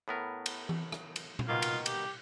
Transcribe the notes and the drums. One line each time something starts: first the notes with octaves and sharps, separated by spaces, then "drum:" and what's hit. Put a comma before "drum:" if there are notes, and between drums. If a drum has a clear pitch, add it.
A2 B3 A#4
drum: cymbal
drum: tom E3
drum: rim click
drum: cymbal
drum: tom A#2
B2 D#3 A#3 F4
drum: cymbal
G4, drum: cymbal